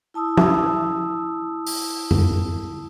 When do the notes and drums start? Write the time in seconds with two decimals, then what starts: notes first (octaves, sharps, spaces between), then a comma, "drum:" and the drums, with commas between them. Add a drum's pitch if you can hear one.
0.14 E4 A5 D#6 E6
0.37 drum: tom F3
1.66 drum: open hi-hat
2.11 drum: tom F#2